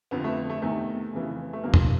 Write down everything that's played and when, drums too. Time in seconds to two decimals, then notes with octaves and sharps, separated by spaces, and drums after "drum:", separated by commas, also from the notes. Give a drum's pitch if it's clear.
0.11 F2 D3 F3 B3
0.24 A3
0.50 A3
0.62 E2 C3 D#3 A3
1.13 F2 C#3 E3
1.53 A3
1.63 G2 D3 F3 A#3
1.74 drum: tom E2